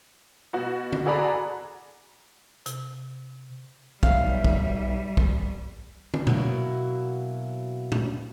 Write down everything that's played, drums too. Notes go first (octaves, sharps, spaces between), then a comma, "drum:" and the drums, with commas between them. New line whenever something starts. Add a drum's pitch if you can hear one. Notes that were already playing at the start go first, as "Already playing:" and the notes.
B2 F#4
drum: tom
F#4 G#4 A4 D5 A#5 B5
C3, drum: hi-hat
B1 G3 E5 F5, drum: kick
drum: kick
drum: kick
drum: tom
B2 F#3 A#3 E4, drum: tom A#2
drum: tom A#2